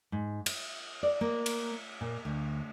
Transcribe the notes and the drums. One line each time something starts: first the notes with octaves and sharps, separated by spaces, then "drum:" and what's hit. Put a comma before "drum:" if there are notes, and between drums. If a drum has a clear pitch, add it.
G#2
E5, drum: cymbal
D5
A#3
drum: cymbal
A#2
D2